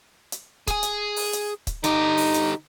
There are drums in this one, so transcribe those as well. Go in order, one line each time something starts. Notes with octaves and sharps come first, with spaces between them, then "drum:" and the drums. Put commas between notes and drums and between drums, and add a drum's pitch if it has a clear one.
drum: hi-hat
G#4 G#5, drum: kick C#1, hi-hat
drum: hi-hat
drum: open hi-hat
drum: hi-hat
drum: kick C#1, hi-hat
D3 D#4 G4, drum: hi-hat
drum: open hi-hat
drum: hi-hat